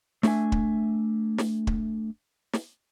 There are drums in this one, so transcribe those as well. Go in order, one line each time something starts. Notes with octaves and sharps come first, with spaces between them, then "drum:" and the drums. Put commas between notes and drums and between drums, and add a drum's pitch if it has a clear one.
A3 D4 E5 G#5, drum: snare
drum: kick
drum: snare
drum: kick
drum: snare